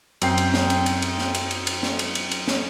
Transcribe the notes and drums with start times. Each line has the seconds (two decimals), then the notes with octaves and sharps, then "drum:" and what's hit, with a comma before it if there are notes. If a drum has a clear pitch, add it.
0.22 F#2 C4 G5 C7, drum: cymbal
0.38 drum: cymbal
0.54 drum: snare
0.70 drum: cymbal
0.86 drum: cymbal
1.02 drum: cymbal
1.18 drum: snare
1.35 drum: cymbal
1.51 drum: cymbal
1.67 drum: cymbal
1.83 drum: snare
1.99 drum: cymbal
2.15 drum: cymbal
2.31 drum: cymbal
2.48 drum: snare